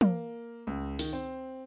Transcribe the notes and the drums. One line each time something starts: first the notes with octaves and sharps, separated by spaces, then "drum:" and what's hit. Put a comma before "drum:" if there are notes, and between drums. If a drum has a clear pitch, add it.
A#3, drum: tom
C#2
D#3, drum: open hi-hat
C4